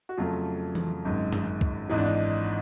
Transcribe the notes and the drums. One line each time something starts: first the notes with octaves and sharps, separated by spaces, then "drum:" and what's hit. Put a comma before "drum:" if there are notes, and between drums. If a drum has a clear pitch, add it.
F#4
F2 C#3 F#3 A3 F4
drum: tom E3
G#1 F#2 D#3 G#3
drum: tom
drum: kick
G#1 G#2 E3 D#4
D4
D#4